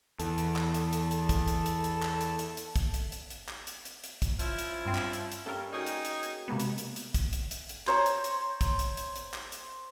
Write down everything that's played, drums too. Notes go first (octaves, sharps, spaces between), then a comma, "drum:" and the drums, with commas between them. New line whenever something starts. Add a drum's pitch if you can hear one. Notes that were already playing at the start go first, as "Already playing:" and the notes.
E2 A4, drum: hi-hat
drum: hi-hat
drum: clap
drum: hi-hat
drum: hi-hat
drum: hi-hat
drum: kick, hi-hat
drum: hi-hat
drum: hi-hat
drum: hi-hat
drum: clap
drum: hi-hat
drum: hi-hat
drum: hi-hat
drum: kick, hi-hat
drum: hi-hat
drum: hi-hat
drum: hi-hat
drum: clap
drum: hi-hat
drum: hi-hat
drum: hi-hat
drum: kick, hi-hat
F3 C#4 E4, drum: hi-hat
drum: hi-hat
G2 C4
drum: clap
drum: hi-hat
drum: hi-hat
G2 C#4 A4 A#4
A#3 D#4 F#4 G#4 C#5 G5
drum: hi-hat
drum: hi-hat
drum: hi-hat
C3 G#3 A#3 B3
drum: hi-hat
drum: hi-hat
drum: hi-hat
drum: kick, hi-hat
drum: hi-hat
drum: hi-hat
drum: hi-hat
C5 C#5 A#5, drum: clap
drum: hi-hat
drum: hi-hat
drum: kick, hi-hat
drum: hi-hat
drum: hi-hat
drum: hi-hat
drum: clap
drum: hi-hat